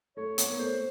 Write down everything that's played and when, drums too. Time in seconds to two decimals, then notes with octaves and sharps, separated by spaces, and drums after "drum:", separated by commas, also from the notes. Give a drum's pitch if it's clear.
0.17 A3 C#5
0.38 B3, drum: hi-hat
0.49 A#3
0.59 A3 C5